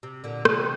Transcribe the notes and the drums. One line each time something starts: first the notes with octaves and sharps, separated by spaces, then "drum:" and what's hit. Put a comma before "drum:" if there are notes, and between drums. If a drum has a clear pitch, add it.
C3
A#2 D3
C3 E3, drum: rim click